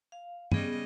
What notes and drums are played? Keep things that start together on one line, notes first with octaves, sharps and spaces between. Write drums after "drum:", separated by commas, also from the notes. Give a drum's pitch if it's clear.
F5
C#3 G3 B3 G#4 D#5, drum: tom